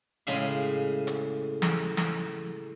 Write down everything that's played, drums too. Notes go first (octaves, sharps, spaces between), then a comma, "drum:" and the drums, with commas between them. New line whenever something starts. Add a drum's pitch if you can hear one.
A2 C#3 G#3 E5 F5
drum: hi-hat
drum: snare
drum: snare